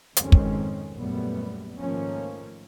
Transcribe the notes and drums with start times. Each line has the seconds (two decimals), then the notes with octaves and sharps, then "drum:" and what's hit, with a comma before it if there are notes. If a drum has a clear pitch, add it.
0.17 G#1 F2 D#3 G#3 C4 C#4, drum: hi-hat
0.32 drum: kick
0.95 A#1 F#2 G3 A3 B3
1.79 G#2 D#3 F3 A3 A#3 C#4